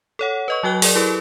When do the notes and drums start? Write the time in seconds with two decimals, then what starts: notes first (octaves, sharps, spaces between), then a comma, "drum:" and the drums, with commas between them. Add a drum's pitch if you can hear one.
0.19 A4 C#5 F#5
0.48 B4 D#5 C#6
0.63 F#3 F#4 G5 F#6 G7
0.82 G#4 A#4 D5, drum: open hi-hat
0.95 E4 G4 A4 B4